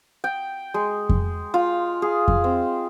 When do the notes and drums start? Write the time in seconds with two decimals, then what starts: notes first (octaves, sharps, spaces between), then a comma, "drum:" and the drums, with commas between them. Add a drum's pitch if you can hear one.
0.24 G5
0.74 G#3
1.09 drum: kick F2
1.54 F4
2.02 G#4
2.28 drum: kick F2
2.44 C4